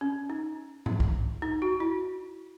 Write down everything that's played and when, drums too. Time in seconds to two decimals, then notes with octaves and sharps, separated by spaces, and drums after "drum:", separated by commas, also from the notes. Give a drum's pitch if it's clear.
0.01 C#4
0.30 D#4
0.86 drum: tom G#2
1.00 drum: kick
1.42 D#4
1.62 F#4
1.80 E4